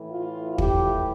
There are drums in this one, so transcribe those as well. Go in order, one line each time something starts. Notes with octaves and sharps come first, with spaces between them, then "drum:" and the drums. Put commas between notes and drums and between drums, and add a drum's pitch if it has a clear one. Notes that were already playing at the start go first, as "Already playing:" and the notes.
Already playing: A2 E3
F4
G4, drum: kick